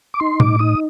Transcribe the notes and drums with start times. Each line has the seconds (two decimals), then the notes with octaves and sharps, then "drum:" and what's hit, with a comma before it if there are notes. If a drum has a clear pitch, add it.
0.14 D6
0.20 D#4 C6
0.40 A2 D6, drum: tom
0.59 D#4 D#6